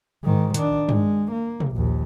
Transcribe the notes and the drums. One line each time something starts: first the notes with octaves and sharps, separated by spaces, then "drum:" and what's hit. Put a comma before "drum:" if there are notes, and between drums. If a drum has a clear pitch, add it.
G#2 D#3
D#3 D4, drum: hi-hat
G#3, drum: tom G2
A#3
drum: tom B2
A#1 D#2